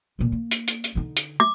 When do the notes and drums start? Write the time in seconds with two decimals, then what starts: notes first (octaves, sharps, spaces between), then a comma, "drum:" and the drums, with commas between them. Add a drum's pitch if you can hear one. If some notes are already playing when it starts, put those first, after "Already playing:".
0.19 C#2 A#2
0.32 A#3
0.51 drum: hi-hat
0.68 drum: hi-hat
0.84 drum: hi-hat
0.95 D3 D#4
1.17 drum: hi-hat
1.40 D6